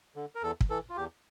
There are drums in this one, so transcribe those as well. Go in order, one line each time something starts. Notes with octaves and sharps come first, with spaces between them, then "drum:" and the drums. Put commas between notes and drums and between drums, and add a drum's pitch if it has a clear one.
D3
A#4
E2 A4
drum: kick
E3 A4
F4
E2 G4